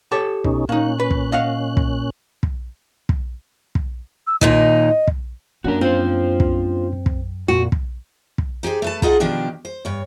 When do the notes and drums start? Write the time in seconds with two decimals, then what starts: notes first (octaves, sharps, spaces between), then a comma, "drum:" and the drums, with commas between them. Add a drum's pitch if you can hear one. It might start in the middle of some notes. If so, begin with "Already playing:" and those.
0.12 G4 A4 C#5
0.44 B2 C#4 D#4, drum: kick
0.69 A#2 A#3 C#4 D#4 F#6
1.00 B4
1.11 drum: kick
1.32 D#5 F5 F#5
1.77 drum: kick
2.43 drum: kick
3.09 drum: kick
3.75 drum: kick
4.27 E6
4.41 D#2 A#2 D#4 D#5, drum: kick
5.08 drum: kick
5.64 F#2 A#3 C#4 D4 F#4 A#4
5.81 C4 F4 C5
6.40 drum: kick
7.06 drum: kick
7.48 F2 A#2 F#4
7.72 drum: kick
8.38 drum: kick
8.63 D#4 G4 G#4 C5
8.82 A3 B4 A5
9.02 D#4 F4 G#4 A4 D#5 F#5, drum: kick
9.20 B2 D#3 F3 D4 G4
9.65 C5
9.85 G2 C#5